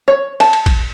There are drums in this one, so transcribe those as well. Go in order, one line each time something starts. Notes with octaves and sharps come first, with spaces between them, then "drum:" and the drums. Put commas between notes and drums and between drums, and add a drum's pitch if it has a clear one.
C#5
A5, drum: cymbal
drum: cymbal
drum: kick A1, cymbal